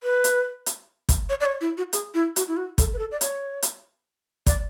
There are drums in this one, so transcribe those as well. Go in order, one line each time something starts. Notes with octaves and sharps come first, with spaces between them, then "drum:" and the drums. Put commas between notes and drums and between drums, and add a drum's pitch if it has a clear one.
B4
drum: hi-hat
drum: hi-hat
drum: kick, hi-hat
C#5
D5
C#5
E4
F#4
G#4, drum: hi-hat
E4
F#4, drum: hi-hat
E4
F#4
A4, drum: kick, hi-hat
B4
A4
D5
C#5, drum: hi-hat
drum: hi-hat
D5, drum: kick, hi-hat